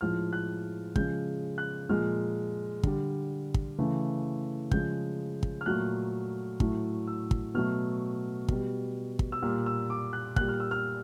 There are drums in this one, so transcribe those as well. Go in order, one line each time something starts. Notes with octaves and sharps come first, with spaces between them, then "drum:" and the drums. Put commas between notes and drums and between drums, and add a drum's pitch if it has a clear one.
A2 F3 G#3 F6
F#6
C#3 F3 G#3 G6, drum: kick
F#6
A#2 F3 G#3 F6
D3 G3, drum: kick
drum: kick
C#3 E3 A3
C#3 F3 G#3 G6, drum: kick
drum: kick
F6
A#2 F#3 A3 F#6
A2 F#3 A3, drum: kick
E6
drum: kick
B2 F#3 A3 F6
B2 G3, drum: kick
drum: kick
E6
A#2 G3 F6
E6
D6
F#6
A#2 G3 F#6, drum: kick
F6
E6
F6